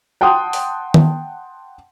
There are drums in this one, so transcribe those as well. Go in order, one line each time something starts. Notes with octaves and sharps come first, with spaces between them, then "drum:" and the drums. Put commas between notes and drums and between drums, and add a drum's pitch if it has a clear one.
F#5 G5 A5 C6 D#6
drum: open hi-hat
drum: tom D#3